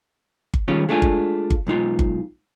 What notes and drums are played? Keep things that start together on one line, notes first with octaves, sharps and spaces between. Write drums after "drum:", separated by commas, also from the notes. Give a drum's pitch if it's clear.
drum: kick G1
D#3 G3 G#3 C#4 F4
G#3 A3 D4 F4 G#5
drum: kick G1
drum: kick G1
B1 G#3 D#4 F4
drum: kick G1